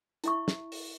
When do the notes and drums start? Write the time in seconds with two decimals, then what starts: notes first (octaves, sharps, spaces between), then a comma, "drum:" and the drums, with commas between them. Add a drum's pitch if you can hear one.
0.24 E4 E5 C#6, drum: hi-hat
0.48 drum: snare
0.72 drum: open hi-hat